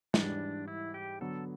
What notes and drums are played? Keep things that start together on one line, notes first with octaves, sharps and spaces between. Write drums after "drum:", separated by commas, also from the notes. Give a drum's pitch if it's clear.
G#2 E3 G3 D4, drum: snare
E4
G4
D3 F#3 B3 A4